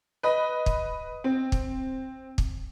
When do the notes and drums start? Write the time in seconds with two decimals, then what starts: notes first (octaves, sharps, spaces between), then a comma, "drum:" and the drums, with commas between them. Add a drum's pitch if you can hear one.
0.23 B4 D#5
0.66 drum: kick
1.24 C4
1.52 drum: kick
2.38 drum: kick